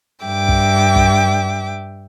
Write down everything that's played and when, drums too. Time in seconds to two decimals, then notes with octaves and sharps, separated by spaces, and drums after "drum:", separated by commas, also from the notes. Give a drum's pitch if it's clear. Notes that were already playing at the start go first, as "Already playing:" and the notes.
0.25 G2 E5 G5 D6
0.49 drum: kick
0.96 drum: kick